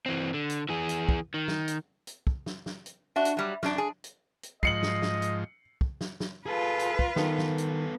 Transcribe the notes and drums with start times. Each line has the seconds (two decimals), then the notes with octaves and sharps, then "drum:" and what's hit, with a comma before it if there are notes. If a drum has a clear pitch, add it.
0.06 E3 C4
0.34 D3
0.50 drum: hi-hat
0.69 E3 G#4
0.89 drum: hi-hat
1.09 drum: kick
1.34 D#3
1.48 drum: snare
1.68 drum: hi-hat
2.07 drum: hi-hat
2.27 drum: kick
2.46 drum: snare
2.66 drum: snare
2.86 drum: hi-hat
3.16 D4 F#4 E5
3.25 drum: hi-hat
3.37 F#3 G3
3.63 F#2 D4, drum: snare
3.78 G#4
4.04 drum: hi-hat
4.43 drum: hi-hat
4.63 G#2 F3 D#5 C7 C#7 F#7, drum: kick
4.83 drum: snare
5.02 drum: snare
5.22 drum: hi-hat
5.81 drum: kick
6.01 drum: snare
6.20 drum: snare
6.46 F4 G#4 A4 B4
6.79 drum: hi-hat
6.99 drum: kick
7.16 D#3 B3 A4, drum: snare
7.38 drum: snare
7.58 drum: hi-hat